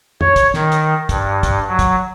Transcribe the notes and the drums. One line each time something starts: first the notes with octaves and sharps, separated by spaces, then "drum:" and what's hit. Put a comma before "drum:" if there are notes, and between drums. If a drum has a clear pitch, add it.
C#5, drum: tom
drum: kick, hi-hat
D#3, drum: snare
drum: hi-hat
G2, drum: kick, hi-hat
drum: kick, hi-hat
F#3
drum: kick, hi-hat